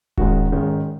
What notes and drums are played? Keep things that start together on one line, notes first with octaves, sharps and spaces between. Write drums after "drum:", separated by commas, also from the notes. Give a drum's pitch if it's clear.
G#1 G#2 D#3 G#3 C#4 F#4, drum: kick D#1
G#1 G#2 D#3 G#3 C#4